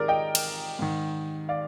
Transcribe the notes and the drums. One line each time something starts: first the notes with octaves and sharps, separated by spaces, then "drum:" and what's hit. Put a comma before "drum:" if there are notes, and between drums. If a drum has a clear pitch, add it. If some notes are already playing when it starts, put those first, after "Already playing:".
Already playing: G#2 D#3 G4 G#4 A#4 D5
D#5 G5
drum: cymbal
G#2 D#3
D5 F5